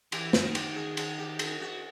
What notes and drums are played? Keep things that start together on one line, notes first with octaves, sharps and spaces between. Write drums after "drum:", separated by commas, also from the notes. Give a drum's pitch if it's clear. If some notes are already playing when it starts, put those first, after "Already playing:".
E3 G4, drum: cymbal
E3 F#4, drum: snare
D#3
G4, drum: cymbal
G#4
G#4, drum: cymbal
G4
G#4, drum: cymbal
F#4